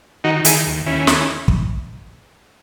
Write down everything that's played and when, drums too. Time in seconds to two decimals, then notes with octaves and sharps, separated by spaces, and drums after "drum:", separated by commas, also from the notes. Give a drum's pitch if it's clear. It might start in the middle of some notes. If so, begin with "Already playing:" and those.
0.24 D#3 D#4 F#4
0.45 D#3 E4 G#4, drum: hi-hat
0.66 D#2
0.86 D#2 C#4 E4
1.07 D#3, drum: snare
1.48 drum: kick